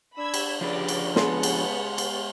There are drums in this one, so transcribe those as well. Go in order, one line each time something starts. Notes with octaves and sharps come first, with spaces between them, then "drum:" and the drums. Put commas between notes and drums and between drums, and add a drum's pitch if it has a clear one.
D4 B5 E6 G#6
drum: cymbal
C#3 F3 D4 G4 B4 D5
drum: cymbal
G#3 B3 F#5 A5 C6, drum: snare
drum: cymbal
drum: cymbal